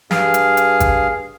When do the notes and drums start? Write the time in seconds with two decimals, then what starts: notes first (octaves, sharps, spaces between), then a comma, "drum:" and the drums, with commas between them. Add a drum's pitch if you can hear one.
0.11 G2 G#4 F5, drum: snare
0.34 drum: hi-hat
0.57 drum: hi-hat
0.80 drum: kick G#1, hi-hat